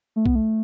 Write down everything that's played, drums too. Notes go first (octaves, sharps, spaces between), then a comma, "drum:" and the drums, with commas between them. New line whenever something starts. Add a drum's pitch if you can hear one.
A3
B3, drum: kick
A3